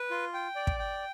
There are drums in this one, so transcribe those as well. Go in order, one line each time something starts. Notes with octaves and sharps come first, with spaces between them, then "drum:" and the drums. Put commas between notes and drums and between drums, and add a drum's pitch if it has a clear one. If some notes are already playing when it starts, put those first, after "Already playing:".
Already playing: B4
F4
G5
D5
drum: kick
G5